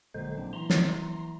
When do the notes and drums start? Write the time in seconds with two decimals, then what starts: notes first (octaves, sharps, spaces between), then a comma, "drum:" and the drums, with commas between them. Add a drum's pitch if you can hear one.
0.14 A#1 A#2 D3 F#3 G#3 A#3 C5
0.38 C4 D4
0.53 E3 A#5 C6
0.70 drum: snare